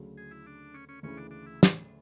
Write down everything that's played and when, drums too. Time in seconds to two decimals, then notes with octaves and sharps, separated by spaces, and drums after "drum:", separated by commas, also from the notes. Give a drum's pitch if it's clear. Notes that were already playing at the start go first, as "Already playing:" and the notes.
Already playing: D2 C#3 F#3
0.17 G#4
0.31 E4
0.46 D4
0.74 C#4
0.89 C#4
1.03 D2 C#3 E3 C#4
1.17 D4
1.31 D4
1.46 E4
1.63 drum: snare